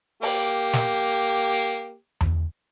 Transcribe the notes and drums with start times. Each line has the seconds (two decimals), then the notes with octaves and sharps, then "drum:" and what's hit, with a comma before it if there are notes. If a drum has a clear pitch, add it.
0.22 A#3 G4, drum: open hi-hat
0.73 drum: snare
2.21 drum: tom E2